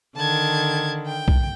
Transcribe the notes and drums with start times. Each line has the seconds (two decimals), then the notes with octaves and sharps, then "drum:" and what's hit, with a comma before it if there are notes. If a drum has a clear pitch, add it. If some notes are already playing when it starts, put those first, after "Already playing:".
0.17 D3 D#3 A5 G#6
1.07 G5
1.28 drum: kick